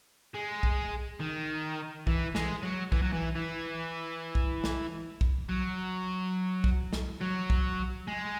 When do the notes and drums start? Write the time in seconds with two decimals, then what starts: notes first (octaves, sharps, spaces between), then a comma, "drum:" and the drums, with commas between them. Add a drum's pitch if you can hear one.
0.34 G#3
0.63 drum: kick B1
1.20 D#3
2.07 E3, drum: kick B1
2.35 G#3, drum: snare
2.63 F#3
2.92 E3, drum: kick B1
3.02 F#3
3.13 E3
3.35 E3
4.35 drum: kick B1
4.64 drum: snare
5.21 drum: kick B1
5.49 F#3
6.64 drum: kick B1
6.93 drum: snare
7.21 F#3
7.50 drum: kick B1
8.08 G#3